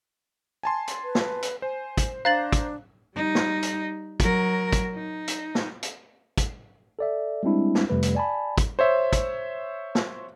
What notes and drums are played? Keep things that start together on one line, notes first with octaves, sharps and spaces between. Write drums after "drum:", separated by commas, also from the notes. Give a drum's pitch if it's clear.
G#5 A5 C6
drum: hi-hat
B4
drum: snare
drum: hi-hat
C5 G#5
drum: kick, hi-hat
D4 C5 F5 A#5 F#6 A6 F#7
drum: kick, hi-hat
G3 D#4
drum: snare
drum: hi-hat
F#3 A#4, drum: kick, hi-hat
drum: kick, hi-hat
D#4
drum: hi-hat
drum: snare
drum: hi-hat
drum: kick, hi-hat
A4 D5 E5
G3 G#3 C4 D4 E4
drum: snare
F2 C3 G3 A3 B4
drum: hi-hat
D5 G#5 A5 B5
drum: kick, hi-hat
C5 C#5 E5
drum: kick, hi-hat
drum: snare